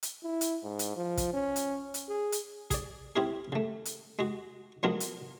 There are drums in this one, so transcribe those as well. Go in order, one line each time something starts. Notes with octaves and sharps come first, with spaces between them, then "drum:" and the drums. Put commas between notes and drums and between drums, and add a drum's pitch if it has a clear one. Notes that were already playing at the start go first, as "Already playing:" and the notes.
drum: hi-hat
E4
drum: hi-hat
G#2
drum: hi-hat
F3
drum: kick, hi-hat
C#4
drum: hi-hat
drum: hi-hat
G#4
drum: hi-hat
G#4 D5, drum: kick, hi-hat
C4 C#4 E4 G4 G#4
C#3 A3
drum: hi-hat
G#3 F#4
F3 F#3 G#3 B3 D4 A#4
drum: hi-hat